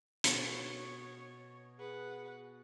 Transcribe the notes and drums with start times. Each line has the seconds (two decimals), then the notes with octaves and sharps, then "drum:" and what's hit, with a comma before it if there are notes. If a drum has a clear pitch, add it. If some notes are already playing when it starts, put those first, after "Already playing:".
0.24 B2 C#5, drum: hi-hat
1.78 G#4 B4 F#5